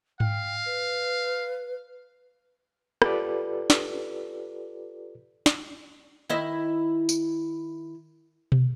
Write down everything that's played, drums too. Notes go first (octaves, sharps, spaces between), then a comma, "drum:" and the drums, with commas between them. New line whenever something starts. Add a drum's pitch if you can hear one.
F5 G5, drum: tom G#2
B4
F4 G4 A4 B4 D5, drum: rim click
drum: snare
drum: snare
D#3 E4 D#5
drum: tambourine
drum: tom B2